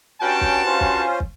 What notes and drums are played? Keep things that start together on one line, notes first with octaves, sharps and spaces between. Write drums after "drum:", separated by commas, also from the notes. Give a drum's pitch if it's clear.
G2 C#4 F#4 G5 A5 G6
drum: kick
C#4 F4 C5
drum: kick
drum: kick